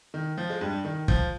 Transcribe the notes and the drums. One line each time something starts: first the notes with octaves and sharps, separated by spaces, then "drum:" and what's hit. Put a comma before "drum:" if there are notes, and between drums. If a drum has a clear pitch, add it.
D#3
F3
G#3
G2 G3
D#3
F3, drum: kick